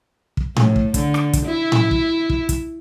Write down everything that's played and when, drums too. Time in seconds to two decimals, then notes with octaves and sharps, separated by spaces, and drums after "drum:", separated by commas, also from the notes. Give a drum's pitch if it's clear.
0.37 drum: kick
0.56 A2, drum: tom A2
0.76 drum: kick
0.94 D3, drum: kick, hi-hat
1.14 drum: rim click
1.33 drum: kick, hi-hat
1.45 E4
1.72 drum: tom A2
1.91 drum: kick
2.30 drum: kick
2.49 drum: kick, hi-hat